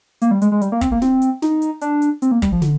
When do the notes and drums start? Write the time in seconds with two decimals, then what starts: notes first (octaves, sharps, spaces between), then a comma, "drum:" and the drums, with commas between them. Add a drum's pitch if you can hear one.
0.22 A#3, drum: hi-hat
0.31 G3
0.42 G#3, drum: hi-hat
0.52 G#3
0.62 G3, drum: hi-hat
0.72 A#3
0.81 C4, drum: kick, hi-hat
0.92 A#3
1.02 C4, drum: snare
1.22 drum: hi-hat
1.42 D#4, drum: snare
1.62 drum: hi-hat
1.81 D4, drum: hi-hat
2.02 drum: hi-hat
2.22 C4, drum: hi-hat
2.32 A#3
2.42 G3, drum: kick, hi-hat
2.52 F3
2.62 D3, drum: snare